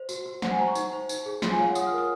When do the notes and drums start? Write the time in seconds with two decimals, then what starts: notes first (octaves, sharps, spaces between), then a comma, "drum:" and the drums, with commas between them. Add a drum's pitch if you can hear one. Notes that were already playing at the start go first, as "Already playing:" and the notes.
Already playing: C5
0.09 F#4, drum: tambourine
0.26 F#4
0.42 C5 F#5, drum: snare
0.51 G#5
0.59 C5 A#5
0.68 C#6
0.75 D#4, drum: tambourine
0.93 C5
1.09 D#4, drum: tambourine
1.26 G#4
1.42 F4 C6, drum: snare
1.51 G#5
1.59 C#5 F5
1.68 F#5
1.75 F4 D#6, drum: tambourine
1.87 F6
1.92 A#4
1.98 D#6